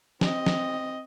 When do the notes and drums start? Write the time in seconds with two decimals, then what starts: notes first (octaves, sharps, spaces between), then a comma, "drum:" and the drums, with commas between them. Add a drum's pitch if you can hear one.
0.21 C4 D#5, drum: snare
0.46 drum: snare